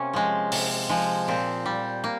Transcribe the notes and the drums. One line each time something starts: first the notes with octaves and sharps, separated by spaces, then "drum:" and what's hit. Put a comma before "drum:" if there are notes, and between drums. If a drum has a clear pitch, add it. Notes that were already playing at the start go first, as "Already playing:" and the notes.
Already playing: C3 A#3 C#4
F3 G#3
C3, drum: open hi-hat
F3 G#3
A#2 C4
G3
A#3